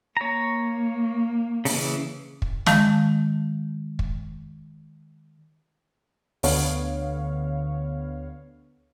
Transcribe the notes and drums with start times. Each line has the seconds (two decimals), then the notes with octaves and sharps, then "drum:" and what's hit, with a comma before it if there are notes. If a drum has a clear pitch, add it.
0.17 A#3 C#5 A#5
1.65 C#3 E3, drum: open hi-hat
2.42 drum: kick
2.66 D#3 G#3 F5 A5, drum: snare
3.99 drum: kick
6.43 D2 D3 B3 C#5 F5, drum: open hi-hat